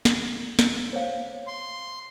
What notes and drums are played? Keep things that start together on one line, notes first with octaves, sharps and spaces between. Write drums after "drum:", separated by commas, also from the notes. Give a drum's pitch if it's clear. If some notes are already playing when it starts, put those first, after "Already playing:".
drum: snare
drum: snare
C5 C#5 F5
C6